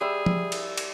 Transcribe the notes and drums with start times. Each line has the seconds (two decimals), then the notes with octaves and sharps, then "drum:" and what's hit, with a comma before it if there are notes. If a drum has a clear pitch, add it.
0.01 G3 G#4 C5 E5
0.26 drum: tom
0.52 drum: cymbal
0.77 drum: cymbal